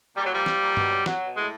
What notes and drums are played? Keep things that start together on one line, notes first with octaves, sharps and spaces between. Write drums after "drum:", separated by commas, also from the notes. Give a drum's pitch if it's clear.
A#2 G3
F#3
F3 G3
F3, drum: snare
A#2
B2, drum: tom G2
F#3
F#3, drum: snare
B2
A2 G#3